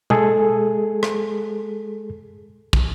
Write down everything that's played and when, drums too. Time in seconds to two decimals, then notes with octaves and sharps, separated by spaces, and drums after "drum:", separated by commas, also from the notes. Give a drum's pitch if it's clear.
0.10 G#3 G#4 A4, drum: tom B2
1.03 drum: rim click
2.73 drum: kick